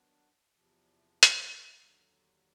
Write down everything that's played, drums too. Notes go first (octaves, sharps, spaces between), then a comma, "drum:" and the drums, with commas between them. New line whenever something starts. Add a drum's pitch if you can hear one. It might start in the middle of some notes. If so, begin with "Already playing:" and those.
Already playing: D#3 F#3 B3 D4
E2 C3 F3
drum: hi-hat
D#2 D3 F#3